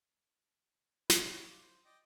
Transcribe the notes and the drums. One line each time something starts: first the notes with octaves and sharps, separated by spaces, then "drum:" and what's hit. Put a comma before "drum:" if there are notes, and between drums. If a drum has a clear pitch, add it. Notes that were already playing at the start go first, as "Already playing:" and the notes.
E4 B4, drum: snare
E4 C#5
F4 D5
C5
D5 D#5 G5